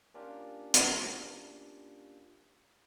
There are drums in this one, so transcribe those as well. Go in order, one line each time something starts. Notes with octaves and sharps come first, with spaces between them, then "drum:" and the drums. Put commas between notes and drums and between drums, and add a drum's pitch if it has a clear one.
A#3 C#4 D4 F4 G4 A#4
drum: hi-hat